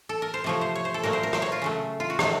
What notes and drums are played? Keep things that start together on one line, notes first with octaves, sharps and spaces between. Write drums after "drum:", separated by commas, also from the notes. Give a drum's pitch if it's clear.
A4
A#4
C5
C3 F3 A3 C#5
C5
C#5
C5
A4
A#2 F#3 A3 A#4
C5
A#4
C5, drum: rim click
C#5
F4
C#3 F#3 A3
F4
F#4
C3 D#3 F#3 A3, drum: rim click